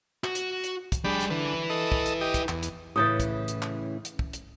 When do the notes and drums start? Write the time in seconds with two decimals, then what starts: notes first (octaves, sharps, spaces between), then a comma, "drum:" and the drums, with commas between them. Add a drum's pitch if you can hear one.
0.24 F#4, drum: clap
0.35 drum: hi-hat
0.64 drum: hi-hat
0.92 drum: kick, hi-hat
1.04 G3 D4 G#4 G5 B5
1.21 drum: hi-hat
1.30 D3 E4 B4
1.70 A4 D#5
1.92 drum: kick
2.06 drum: hi-hat
2.21 G4 D#5
2.34 drum: kick, hi-hat
2.49 E2, drum: clap
2.63 drum: hi-hat
2.96 A2 C#3 E3 D#6 G6 A6
3.20 drum: kick, hi-hat
3.48 drum: hi-hat
3.62 drum: clap
4.05 drum: hi-hat
4.19 drum: kick
4.33 drum: hi-hat